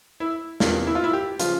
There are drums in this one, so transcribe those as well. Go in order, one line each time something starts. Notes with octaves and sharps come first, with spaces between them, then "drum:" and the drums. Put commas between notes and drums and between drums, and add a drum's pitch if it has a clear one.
E4
E2 C3 E3 A#3 F4, drum: snare
E4
F4
E4
G4
C#3 F3 F4, drum: hi-hat